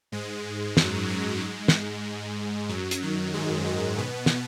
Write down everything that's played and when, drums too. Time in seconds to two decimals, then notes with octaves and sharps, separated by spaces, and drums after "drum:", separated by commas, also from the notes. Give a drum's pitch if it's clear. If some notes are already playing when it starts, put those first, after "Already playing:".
0.12 G#2 G#3
0.77 F#2 F#3, drum: snare
1.09 G#2 G#3
1.41 G#2 G#3
1.68 drum: snare
2.69 F#2 F#3
2.91 drum: hi-hat
3.02 D#3
3.34 G#2 G#3
3.66 G#2 G#3
3.98 B2 B3
4.26 drum: snare